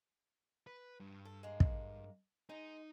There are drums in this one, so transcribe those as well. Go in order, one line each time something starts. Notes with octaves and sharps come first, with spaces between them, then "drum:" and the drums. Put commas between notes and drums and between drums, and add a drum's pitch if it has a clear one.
B4
G2
A4
G#3 A#3
drum: kick
G#3 D#4